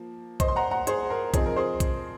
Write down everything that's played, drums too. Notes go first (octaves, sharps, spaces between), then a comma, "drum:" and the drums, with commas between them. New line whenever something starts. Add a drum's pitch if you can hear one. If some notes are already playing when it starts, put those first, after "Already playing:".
Already playing: F3 A#3
C5 D#5, drum: kick B1, hi-hat
C6
F#5 A#5
F#5 A#5
G#4 C5, drum: hi-hat
A#4
F3 C4 D#4 G#4, drum: kick B1, hi-hat
A#4
G#4 C5
drum: kick B1, hi-hat